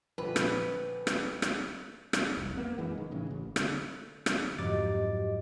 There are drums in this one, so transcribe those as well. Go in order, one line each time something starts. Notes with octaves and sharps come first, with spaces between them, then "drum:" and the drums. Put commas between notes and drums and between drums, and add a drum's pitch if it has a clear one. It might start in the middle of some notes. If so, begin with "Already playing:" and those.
A#1 D3 B4
drum: rim click
drum: rim click
drum: rim click
drum: rim click
F1 C2
A#3 B3
F#2 E3 G#3 B3
D#3
A2 C#3 E3
A1
D3, drum: rim click
drum: rim click
F2 G#2 F#3 G4 D#5 F5 D6 A6